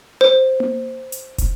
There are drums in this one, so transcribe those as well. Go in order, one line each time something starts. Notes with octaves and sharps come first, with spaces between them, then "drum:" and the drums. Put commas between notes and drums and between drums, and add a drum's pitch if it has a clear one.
C5
drum: tom A#3
drum: hi-hat
drum: kick, hi-hat